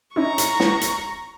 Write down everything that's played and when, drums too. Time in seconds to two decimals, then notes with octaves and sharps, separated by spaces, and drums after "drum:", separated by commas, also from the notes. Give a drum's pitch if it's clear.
0.16 C#4 D#4 E4 A#5 C#6
0.38 drum: hi-hat
0.60 drum: snare
0.81 drum: hi-hat